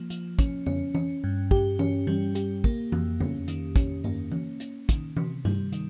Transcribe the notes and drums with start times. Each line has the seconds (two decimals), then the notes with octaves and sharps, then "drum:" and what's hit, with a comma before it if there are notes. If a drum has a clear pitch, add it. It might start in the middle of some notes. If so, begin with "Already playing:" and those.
Already playing: F3 A#3
0.10 F3, drum: hi-hat
0.39 C#4, drum: kick, hi-hat
0.66 C#4, drum: tom F2
0.95 C#4, drum: tom E3
1.24 G2
1.51 G4, drum: kick
1.79 C#4, drum: tom E3
2.07 G3, drum: tom E3
2.35 G4, drum: hi-hat
2.64 A#3, drum: kick
2.92 F2, drum: tom E3
3.20 C#4, drum: tom F2
3.48 D#3, drum: hi-hat
3.76 C#4, drum: kick, hi-hat
4.04 A#3, drum: tom G2
4.32 C#4, drum: tom E3
4.60 C#4, drum: hi-hat
4.89 D#3, drum: kick, hi-hat
5.17 C3, drum: tom E3
5.45 G3, drum: tom G2
5.72 D#3, drum: hi-hat